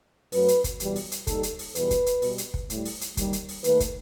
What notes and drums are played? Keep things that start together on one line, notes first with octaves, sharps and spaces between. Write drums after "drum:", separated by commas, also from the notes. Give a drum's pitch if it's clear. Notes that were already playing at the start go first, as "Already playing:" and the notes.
F#2 F#3 A3 B4, drum: open hi-hat
drum: hi-hat
drum: kick, hi-hat
E2 B2 G3, drum: hi-hat
drum: open hi-hat
drum: hi-hat
D#2 D#3 G3 A4, drum: kick, hi-hat
drum: hi-hat
drum: open hi-hat
E2 B2 G3 B4, drum: hi-hat
drum: kick, hi-hat
drum: hi-hat
B2 G3, drum: open hi-hat
drum: hi-hat
drum: kick
A2 G3, drum: hi-hat
drum: open hi-hat
drum: hi-hat
D#2 D#3 G3, drum: kick, hi-hat
drum: hi-hat
drum: open hi-hat
D#2 D#3 A3 B4, drum: hi-hat
drum: kick, hi-hat